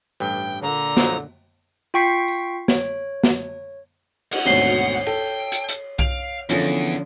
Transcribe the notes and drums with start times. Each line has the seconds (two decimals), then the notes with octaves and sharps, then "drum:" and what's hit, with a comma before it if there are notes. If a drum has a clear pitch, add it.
0.20 A1 G2 G5
0.62 A#2 D3 A#5
0.97 F3 F#3 D#4, drum: snare
1.94 F4 G5 C#6 B6 C7
2.28 drum: tambourine
2.68 C#5, drum: snare
3.24 drum: snare
4.32 F#5, drum: cymbal
4.46 G#1 D2 B2 C#5 C7 G7
5.07 A4 G5
5.52 drum: hi-hat
5.69 drum: hi-hat
5.99 F5 D7 F7, drum: kick B1
6.49 E2 D3 F3 C#4, drum: hi-hat